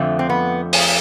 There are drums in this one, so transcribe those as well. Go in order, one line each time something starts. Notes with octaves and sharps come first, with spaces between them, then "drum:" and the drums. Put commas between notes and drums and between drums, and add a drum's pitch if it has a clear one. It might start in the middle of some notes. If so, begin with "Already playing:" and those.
Already playing: F2 D3 F3 A3
C4
B3
drum: open hi-hat